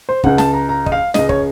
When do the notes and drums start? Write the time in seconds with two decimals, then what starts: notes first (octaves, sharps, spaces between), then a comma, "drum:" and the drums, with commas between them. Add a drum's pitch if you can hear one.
0.09 C5
0.24 C#2 C#3 F#5, drum: kick
0.38 A5, drum: snare
0.54 A#5
0.69 A#5
0.86 D#5, drum: kick
0.92 F5
1.14 C#2 C#3 D#5, drum: snare
1.29 C#5, drum: kick